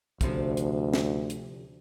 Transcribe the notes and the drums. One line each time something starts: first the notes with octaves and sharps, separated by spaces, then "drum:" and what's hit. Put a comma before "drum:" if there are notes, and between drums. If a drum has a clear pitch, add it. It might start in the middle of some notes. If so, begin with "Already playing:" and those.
D2 A2 C3 F3, drum: kick, hi-hat
drum: hi-hat
drum: snare
drum: hi-hat